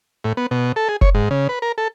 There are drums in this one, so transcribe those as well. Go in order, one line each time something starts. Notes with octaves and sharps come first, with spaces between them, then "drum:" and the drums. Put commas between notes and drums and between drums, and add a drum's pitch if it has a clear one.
A2
B3
B2
A4
G#4
C#5, drum: kick F1
G#2
C#3
B4
A#4
A4